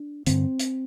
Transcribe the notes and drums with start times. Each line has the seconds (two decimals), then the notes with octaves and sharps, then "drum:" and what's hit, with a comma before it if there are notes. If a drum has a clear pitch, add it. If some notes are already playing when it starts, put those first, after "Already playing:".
Already playing: D4
0.26 G2 D3 C4, drum: hi-hat
0.60 drum: hi-hat